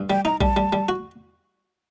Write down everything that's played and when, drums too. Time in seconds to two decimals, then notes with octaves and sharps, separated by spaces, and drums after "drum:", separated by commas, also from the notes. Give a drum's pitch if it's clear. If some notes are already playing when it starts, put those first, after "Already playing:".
Already playing: G2
0.10 G3 G5
0.25 D#4 A#5
0.41 G3 A5, drum: kick A#1
0.56 G3
0.73 G3
0.89 F#4